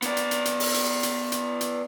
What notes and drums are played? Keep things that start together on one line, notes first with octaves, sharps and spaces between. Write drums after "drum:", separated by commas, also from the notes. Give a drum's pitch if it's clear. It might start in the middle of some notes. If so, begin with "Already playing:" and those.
B3 D5, drum: hi-hat
drum: hi-hat
drum: hi-hat
drum: hi-hat
drum: open hi-hat
drum: hi-hat
drum: hi-hat
drum: hi-hat
drum: hi-hat